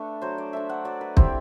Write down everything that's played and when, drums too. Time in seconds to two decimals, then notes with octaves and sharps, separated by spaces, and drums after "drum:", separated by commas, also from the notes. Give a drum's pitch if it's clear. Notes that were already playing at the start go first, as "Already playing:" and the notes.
Already playing: A3 D4 B4
0.22 F#3 C5
0.38 D5
0.53 A3 D4 E5
0.69 F#5
0.85 F#3 D5
1.01 B4
1.17 C4 E4 G4, drum: kick